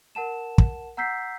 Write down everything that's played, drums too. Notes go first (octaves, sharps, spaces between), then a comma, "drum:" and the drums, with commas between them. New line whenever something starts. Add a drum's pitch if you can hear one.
A#4 F#5 A5 E7
drum: kick
F#5 A#5 E6 G6 B6 C7